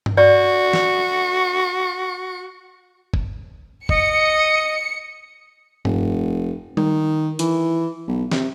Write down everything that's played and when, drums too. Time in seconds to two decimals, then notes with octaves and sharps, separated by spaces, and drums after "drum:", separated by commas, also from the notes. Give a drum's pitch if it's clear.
0.06 drum: tom G2
0.18 F#4 D5
0.73 drum: snare
3.14 drum: kick
3.89 D#5 C#7, drum: kick
5.85 F1, drum: tom G2
6.77 D#3, drum: tom G3
7.39 E3, drum: hi-hat
8.08 B1
8.32 C3, drum: snare